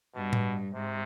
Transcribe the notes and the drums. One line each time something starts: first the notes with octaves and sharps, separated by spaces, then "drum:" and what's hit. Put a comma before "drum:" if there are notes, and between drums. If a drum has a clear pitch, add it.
G2 B2
drum: tom A2
G#2 C3